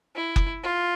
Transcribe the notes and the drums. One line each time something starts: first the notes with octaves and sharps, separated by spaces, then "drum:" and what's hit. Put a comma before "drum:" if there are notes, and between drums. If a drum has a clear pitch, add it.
E4
drum: kick F#1
F4